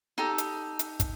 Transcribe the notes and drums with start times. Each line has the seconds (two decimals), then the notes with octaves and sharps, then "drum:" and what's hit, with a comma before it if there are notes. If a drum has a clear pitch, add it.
0.18 D#4 G4 A4
0.38 drum: hi-hat
0.79 drum: hi-hat
1.00 drum: kick, hi-hat